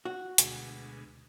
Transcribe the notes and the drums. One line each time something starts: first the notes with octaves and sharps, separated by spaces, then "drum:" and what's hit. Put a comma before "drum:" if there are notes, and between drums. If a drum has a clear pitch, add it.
F#4
D2 B2 G#3, drum: hi-hat